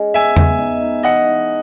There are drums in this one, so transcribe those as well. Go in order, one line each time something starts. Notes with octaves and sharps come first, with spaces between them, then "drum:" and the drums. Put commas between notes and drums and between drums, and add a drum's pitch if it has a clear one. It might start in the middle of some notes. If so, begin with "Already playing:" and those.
Already playing: G#3 C#4
B3 E5 G#5
B3, drum: tom E2
D#4
D#4
E3 D#5 F#5
D#4